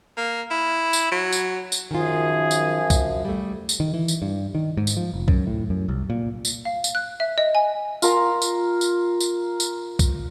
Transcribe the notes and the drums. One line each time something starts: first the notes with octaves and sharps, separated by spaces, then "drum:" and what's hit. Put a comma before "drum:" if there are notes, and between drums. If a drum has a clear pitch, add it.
A#3
E4
drum: tambourine
F#3
drum: tambourine
drum: tambourine
F#2 D#3 F3 F4 G#4
drum: tambourine
drum: kick B1, tambourine
G3 A3
drum: tambourine
D#3
E3
drum: tambourine
G2
D#3
G#2
drum: tambourine
F3
F1
F#2, drum: kick B1
A2
F#2
C2
A#2
drum: tambourine
F5
drum: tambourine
F#6
E5
D#5
G#5
F4 A#4 A#5, drum: tambourine
drum: tambourine
drum: tambourine
drum: tambourine
drum: tambourine
drum: kick B1, tambourine